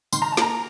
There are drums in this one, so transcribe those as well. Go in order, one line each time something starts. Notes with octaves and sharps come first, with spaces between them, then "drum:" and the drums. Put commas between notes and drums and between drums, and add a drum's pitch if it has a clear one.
D#3 C6, drum: tambourine
A#5
A5
A#3 A#5, drum: snare